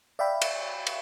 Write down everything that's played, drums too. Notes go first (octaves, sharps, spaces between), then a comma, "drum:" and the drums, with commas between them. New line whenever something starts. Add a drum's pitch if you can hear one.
D5 E5 F5 G5 B5
drum: cymbal
drum: cymbal